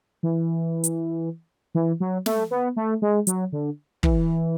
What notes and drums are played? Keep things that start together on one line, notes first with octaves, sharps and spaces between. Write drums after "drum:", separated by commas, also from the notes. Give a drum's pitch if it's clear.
E3
drum: hi-hat
E3
F#3
A3, drum: snare
B3
A3
G#3
F#3, drum: hi-hat
D3
E3, drum: kick